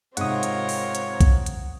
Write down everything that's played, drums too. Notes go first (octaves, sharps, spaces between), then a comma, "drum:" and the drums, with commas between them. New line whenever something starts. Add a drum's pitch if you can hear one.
G#2 C3 C4 F4 A#4 C#5 F#5 D#6, drum: hi-hat
drum: hi-hat
drum: open hi-hat
drum: hi-hat
drum: kick B1, hi-hat
drum: hi-hat